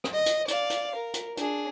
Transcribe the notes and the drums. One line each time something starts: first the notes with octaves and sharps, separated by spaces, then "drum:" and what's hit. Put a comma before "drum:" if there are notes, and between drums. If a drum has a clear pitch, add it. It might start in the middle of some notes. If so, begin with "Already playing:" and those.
drum: rim click
D#5
drum: hi-hat
D5 F5, drum: hi-hat
drum: hi-hat
A#4
drum: hi-hat
D4 G#4, drum: hi-hat